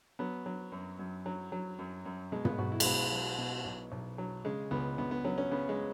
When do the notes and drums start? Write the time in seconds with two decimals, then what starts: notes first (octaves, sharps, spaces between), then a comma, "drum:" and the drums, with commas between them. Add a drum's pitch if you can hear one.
0.19 F#3 B3
0.46 F#3
0.72 F#2
0.99 F#2
1.26 F#3
1.52 F#3
1.79 F#2
2.05 F#2
2.32 B2 G#3
2.45 B3, drum: tom
2.58 B1 F#4
2.72 E4
2.80 G#3, drum: cymbal
2.85 B1 B3
3.12 F#3
3.38 B2
3.65 B1
3.92 B1
4.18 F#3
4.45 C#3 G#3
4.71 C#2 B3
4.98 C#2 B3
5.11 B3
5.25 F#3 C#4
5.38 C#4
5.51 C#3 B3
5.69 G#3